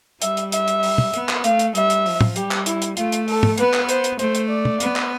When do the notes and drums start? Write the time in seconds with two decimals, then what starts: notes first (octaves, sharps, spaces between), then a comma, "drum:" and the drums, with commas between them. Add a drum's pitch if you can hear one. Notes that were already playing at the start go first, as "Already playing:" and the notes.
0.22 G3 E5, drum: hi-hat
0.37 drum: hi-hat
0.52 E5, drum: hi-hat
0.68 drum: hi-hat
0.83 drum: open hi-hat
0.98 drum: tom
1.14 B3, drum: hi-hat
1.29 drum: clap
1.44 A3 F5, drum: hi-hat
1.59 drum: hi-hat
1.75 G3 E5, drum: hi-hat
1.90 drum: hi-hat
2.06 F3, drum: open hi-hat
2.21 drum: tom
2.36 G3 G4, drum: hi-hat
2.51 drum: clap
2.66 E4, drum: hi-hat
2.82 drum: hi-hat
2.97 A3 F4, drum: hi-hat
3.12 drum: hi-hat
3.28 A4, drum: open hi-hat
3.43 drum: tom
3.58 B3 B4, drum: hi-hat
3.73 drum: clap
3.89 C5, drum: hi-hat
4.04 drum: hi-hat
4.19 A3 C5, drum: hi-hat
4.35 drum: hi-hat
4.50 D5
4.65 drum: tom
4.80 B3, drum: hi-hat
4.96 drum: clap